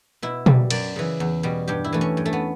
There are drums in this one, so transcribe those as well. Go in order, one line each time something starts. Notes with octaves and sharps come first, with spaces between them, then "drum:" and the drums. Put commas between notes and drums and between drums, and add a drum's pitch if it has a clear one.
B2 E4
G3, drum: tom B2
F#2 D5, drum: cymbal
C#3 E3
E2
B2 G3
G2 G4
E4
E3 A3
C#4
G2
A3
B3